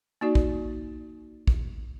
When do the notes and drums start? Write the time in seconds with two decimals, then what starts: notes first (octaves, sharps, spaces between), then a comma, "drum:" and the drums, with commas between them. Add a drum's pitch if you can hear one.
0.21 A#3 D#4 F#4 D5
0.35 drum: kick
1.47 drum: kick